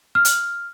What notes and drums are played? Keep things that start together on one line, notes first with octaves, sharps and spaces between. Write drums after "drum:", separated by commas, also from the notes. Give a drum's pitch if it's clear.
F6
drum: hi-hat